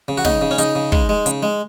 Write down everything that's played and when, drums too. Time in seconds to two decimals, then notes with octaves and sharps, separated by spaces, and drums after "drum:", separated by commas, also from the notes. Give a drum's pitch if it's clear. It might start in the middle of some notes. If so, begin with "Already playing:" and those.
0.08 C#3
0.17 F#4
0.25 C#3 D#4, drum: snare
0.41 C#3
0.51 C#4
0.58 C#3 D#4, drum: hi-hat
0.75 C#3
0.92 G#3, drum: kick
1.09 G#3
1.26 C#3, drum: hi-hat
1.43 G#3